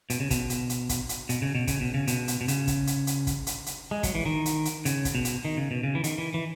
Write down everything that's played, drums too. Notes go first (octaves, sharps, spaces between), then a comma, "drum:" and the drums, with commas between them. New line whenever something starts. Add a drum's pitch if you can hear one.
B2, drum: hi-hat
C#3
B2, drum: kick, hi-hat
drum: hi-hat
drum: hi-hat
drum: kick, hi-hat
drum: hi-hat
B2, drum: hi-hat
C#3
B2
C#3, drum: kick, hi-hat
B2
C#3
B2, drum: hi-hat
drum: hi-hat
B2
C#3, drum: hi-hat
drum: kick, hi-hat
drum: hi-hat
drum: hi-hat
drum: kick, hi-hat
drum: hi-hat
drum: hi-hat
G#3
F#3, drum: kick, hi-hat
E3
D#3
drum: hi-hat
drum: hi-hat
C#3, drum: hi-hat
drum: kick, hi-hat
B2
drum: hi-hat
D#3
C#3
B2
C#3
E3
D#3, drum: hi-hat
E3
E3